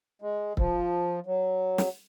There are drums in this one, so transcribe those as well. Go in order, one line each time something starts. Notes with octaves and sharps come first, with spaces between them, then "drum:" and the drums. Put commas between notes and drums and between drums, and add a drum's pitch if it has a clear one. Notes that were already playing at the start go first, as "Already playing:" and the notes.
G#3
F3, drum: kick
F#3
drum: snare